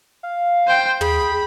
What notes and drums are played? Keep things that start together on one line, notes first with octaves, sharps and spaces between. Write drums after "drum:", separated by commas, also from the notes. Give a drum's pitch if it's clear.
F5
C5 G5
G#4 B5, drum: tom